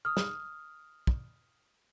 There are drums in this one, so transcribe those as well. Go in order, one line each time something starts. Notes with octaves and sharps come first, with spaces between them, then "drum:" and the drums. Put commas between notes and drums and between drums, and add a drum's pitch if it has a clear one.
D#6 F6
drum: snare
drum: kick